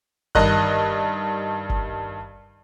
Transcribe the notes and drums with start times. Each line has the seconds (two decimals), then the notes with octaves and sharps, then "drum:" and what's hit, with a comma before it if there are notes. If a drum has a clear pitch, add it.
0.35 G2 D#3 D#5 F#6, drum: kick F#1
1.69 drum: kick F#1